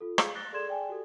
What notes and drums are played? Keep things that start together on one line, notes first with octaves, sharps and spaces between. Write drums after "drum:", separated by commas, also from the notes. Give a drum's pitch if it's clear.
F4 A4
G#4 F5, drum: rim click
F#6 A6 A#6 G7
G#4 A4 D5 C6 G#6 E7
G#4 D5 G5 G#5
F#4 G4 A4